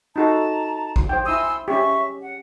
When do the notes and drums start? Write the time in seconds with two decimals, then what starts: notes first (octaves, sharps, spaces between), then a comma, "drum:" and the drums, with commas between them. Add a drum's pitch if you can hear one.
0.16 D#4 F#4 A4 A5 A#5
0.96 drum: kick A1
1.09 C5 G5
1.26 E4 G#5 C6 D#6 E6
1.68 C#4 G4 E5 C#6
2.23 F#5